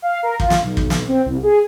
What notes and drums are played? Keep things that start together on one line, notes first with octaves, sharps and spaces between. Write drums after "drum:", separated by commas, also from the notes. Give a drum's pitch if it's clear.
F5
A#4
F4, drum: kick
drum: snare
B1
drum: kick
drum: snare
C4
C2
G#4